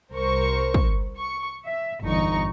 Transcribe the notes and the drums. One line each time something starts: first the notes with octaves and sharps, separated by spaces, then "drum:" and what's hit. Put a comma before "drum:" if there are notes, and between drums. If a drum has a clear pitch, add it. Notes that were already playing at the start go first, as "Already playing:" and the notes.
C2 A#4 C5 C#6
drum: kick
C#6
E5
G1 E2 D#4 C#6